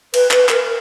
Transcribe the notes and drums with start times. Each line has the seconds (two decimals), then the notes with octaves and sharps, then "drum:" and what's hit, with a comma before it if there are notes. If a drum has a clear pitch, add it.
0.14 B4, drum: cymbal
0.31 B4, drum: clap
0.49 A#4, drum: clap